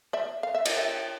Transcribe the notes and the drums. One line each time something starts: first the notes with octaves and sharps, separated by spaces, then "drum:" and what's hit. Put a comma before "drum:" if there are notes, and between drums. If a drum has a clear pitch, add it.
D5 E5
F5
E5
D#5, drum: cymbal
D5 E5